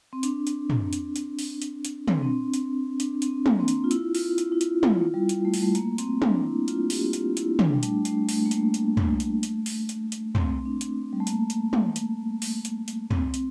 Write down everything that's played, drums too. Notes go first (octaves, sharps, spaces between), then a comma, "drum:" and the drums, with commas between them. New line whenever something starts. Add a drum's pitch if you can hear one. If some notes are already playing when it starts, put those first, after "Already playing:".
C4
D4, drum: hi-hat
drum: hi-hat
drum: tom
drum: hi-hat
drum: hi-hat
drum: open hi-hat
drum: hi-hat
drum: hi-hat
C4, drum: tom
D4
C4
drum: hi-hat
D4, drum: hi-hat
C4, drum: hi-hat
A#3, drum: tom
C4
D4, drum: hi-hat
F4
E4, drum: hi-hat
F4, drum: open hi-hat
E4, drum: hi-hat
E4
F4, drum: hi-hat
F4, drum: tom
G3
drum: hi-hat
A3
G3, drum: open hi-hat
A3
A#3, drum: hi-hat
C4, drum: hi-hat
D4, drum: tom
E4
F4, drum: hi-hat
G4, drum: open hi-hat
F4, drum: hi-hat
E4, drum: hi-hat
D4, drum: tom
G3
A3, drum: hi-hat
A3, drum: hi-hat
A3, drum: open hi-hat
A#3
A3, drum: hi-hat
drum: hi-hat
drum: tom
drum: hi-hat
drum: hi-hat
drum: open hi-hat
drum: hi-hat
drum: hi-hat
C4, drum: tom
D4
drum: hi-hat
G3
A3
A#3, drum: hi-hat
drum: hi-hat
drum: tom
drum: hi-hat
drum: open hi-hat
drum: hi-hat
drum: hi-hat
C4, drum: tom
drum: hi-hat